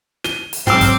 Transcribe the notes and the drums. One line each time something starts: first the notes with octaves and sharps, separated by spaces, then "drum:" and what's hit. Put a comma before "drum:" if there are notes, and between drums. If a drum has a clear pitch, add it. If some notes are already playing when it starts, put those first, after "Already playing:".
D#7 G7, drum: snare
drum: hi-hat
G#2 F#3 C4 G5 C6 D6 E6 F6, drum: snare
drum: kick, hi-hat